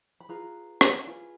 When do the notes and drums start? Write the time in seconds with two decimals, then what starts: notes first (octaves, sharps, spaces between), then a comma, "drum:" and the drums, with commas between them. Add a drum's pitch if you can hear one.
0.20 B5
0.29 F4 G#4 B4 A#5
0.81 drum: rim click
1.07 F4 G#4 B4